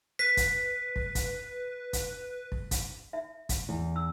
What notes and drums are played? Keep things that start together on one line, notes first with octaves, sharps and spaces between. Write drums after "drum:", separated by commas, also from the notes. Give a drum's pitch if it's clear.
B4 B6
drum: kick, hi-hat
drum: kick
drum: kick, hi-hat
drum: kick, hi-hat
drum: kick
drum: kick, hi-hat
E5
drum: kick, hi-hat
E2
E6